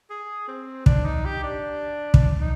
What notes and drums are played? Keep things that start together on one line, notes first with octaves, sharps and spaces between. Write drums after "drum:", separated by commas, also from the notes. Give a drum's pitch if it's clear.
G#4
C4
D4, drum: kick
D#4
G4
D4
drum: kick
D#4